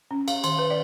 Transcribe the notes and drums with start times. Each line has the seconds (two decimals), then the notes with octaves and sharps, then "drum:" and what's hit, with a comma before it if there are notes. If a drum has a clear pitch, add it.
0.11 C#4
0.28 F5, drum: cymbal
0.44 D#3, drum: cymbal
0.58 B4
0.70 D5